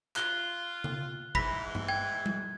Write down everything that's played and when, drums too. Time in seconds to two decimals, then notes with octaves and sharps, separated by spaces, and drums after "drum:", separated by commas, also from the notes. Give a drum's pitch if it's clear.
0.16 F4 F#6 G7, drum: clap
0.84 drum: tom C#3
1.35 G#2 E3 B5 A#6 B6, drum: kick
1.75 drum: tom G2
1.88 G5 G#6
2.26 drum: tom G3